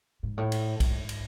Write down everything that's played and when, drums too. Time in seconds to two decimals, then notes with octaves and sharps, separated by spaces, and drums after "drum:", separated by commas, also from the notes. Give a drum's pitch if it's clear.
0.23 G#2
0.38 A2
0.52 drum: cymbal
0.80 G#2, drum: kick, cymbal
1.09 drum: cymbal